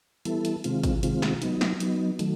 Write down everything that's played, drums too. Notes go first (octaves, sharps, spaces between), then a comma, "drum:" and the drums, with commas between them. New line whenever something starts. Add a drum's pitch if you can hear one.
E3 G3 B3 E4 A4, drum: hi-hat
drum: hi-hat
C3 D#3 G#3 C4 F4, drum: hi-hat
drum: kick, hi-hat
C3 D#3 G#3 C4 F4, drum: hi-hat
drum: snare
F#3 B3 D#4, drum: hi-hat
drum: snare
F#3 B3 D#4, drum: hi-hat
D#3 F#3 A3, drum: hi-hat